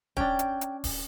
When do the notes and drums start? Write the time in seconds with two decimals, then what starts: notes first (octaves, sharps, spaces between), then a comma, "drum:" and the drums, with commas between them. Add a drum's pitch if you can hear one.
0.17 C#4 D4 G5, drum: kick D1
0.39 drum: hi-hat
0.61 drum: hi-hat
0.84 drum: kick D1, open hi-hat